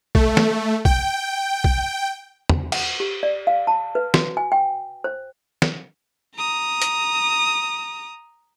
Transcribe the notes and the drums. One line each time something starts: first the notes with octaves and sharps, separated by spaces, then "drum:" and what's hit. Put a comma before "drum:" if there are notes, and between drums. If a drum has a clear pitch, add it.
A3, drum: kick B1
drum: snare
G5, drum: kick B1
drum: kick B1
drum: tom
F#5, drum: cymbal
G4
D5
F5
A5
B4
F#4, drum: snare
G#5
G5
C5
drum: snare
A#5 D#6
drum: hi-hat